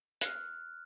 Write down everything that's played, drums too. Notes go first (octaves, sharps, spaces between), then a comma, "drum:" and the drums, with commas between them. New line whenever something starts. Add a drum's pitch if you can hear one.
F6 F#6, drum: hi-hat